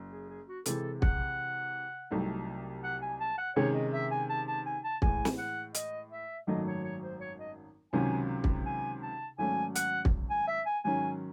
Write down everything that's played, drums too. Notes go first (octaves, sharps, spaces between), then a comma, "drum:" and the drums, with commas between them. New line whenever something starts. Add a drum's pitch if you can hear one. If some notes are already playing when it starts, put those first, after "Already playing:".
Already playing: F#1
G#4
G#4
F#4
C3 E3 G#3 A4, drum: hi-hat
F#5, drum: kick
C2 C3 F#3 A3 D#4
F#5
G#5
A5
F#5
C3 D#3 G#3 C#4 G#4 C#5
D#5
E5
G#5
A5
A5
G#5
A5
A2 E3 G#3 G#5, drum: kick
drum: snare
F#5
D#5, drum: hi-hat
E5
G#1 F#2 D#3 F#3 A3 D#5
C#5
C#5
C5
C#5
D#5
C#2 C3 D#3 F#3 C#4 G#5
drum: kick
G#5
A5
G#1 G#2 F#3 A3 C#4 G#5
F#5, drum: hi-hat
drum: kick
G#5
E5
G#5
G#2 D#3 F#3 C#4 G#5